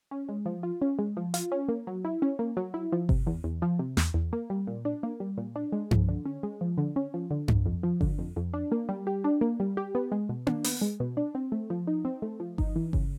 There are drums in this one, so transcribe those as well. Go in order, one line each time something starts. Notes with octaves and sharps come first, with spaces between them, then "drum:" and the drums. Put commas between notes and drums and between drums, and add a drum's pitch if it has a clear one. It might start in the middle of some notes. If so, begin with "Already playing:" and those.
C#4
G#3
F3
F4
C#4
G#3
F3
F4, drum: hi-hat
C#4
A#3
F#3
E4
C#4
A#3
F#3
E4
F3
C3, drum: kick G1
E2
E2
F3
C3
E2, drum: snare
E2
A#3
G3
A#2
D4
A#3
G3
A#2
D4
G#3
F3, drum: tom G2
D3
C#4
G#3
F3
D3
C#4
F3
D3
F2, drum: tom G2
F2
F3
D3, drum: kick G1
F2
F2
D4
A#3
G3
G4
D4
A#3
G3
G4
B3
G#3
B2
D4, drum: tom A#3
B3, drum: open hi-hat
G#3
B2
D4
C4
A3
F3
D#4
C4
A3
F3
D#4, drum: kick G1
E3
C#3, drum: kick G1